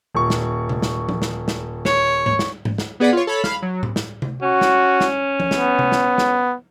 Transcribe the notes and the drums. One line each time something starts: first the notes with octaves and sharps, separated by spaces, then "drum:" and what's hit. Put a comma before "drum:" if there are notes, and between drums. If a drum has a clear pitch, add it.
D#1 C#6
drum: snare
drum: tom C3
drum: snare
drum: tom F3
drum: snare
drum: snare
C#5, drum: snare
drum: tom G#2
drum: snare
drum: tom G#2
drum: snare
B3 G#4 D5 F#5 B5
F4 C#5
A4 C#5 B5
F5 B5, drum: snare
F#3
drum: tom A2
drum: snare
drum: tom C3
C#4 F#4
drum: snare
drum: snare
drum: tom F3
B3, drum: snare
drum: tom C3
drum: snare
drum: snare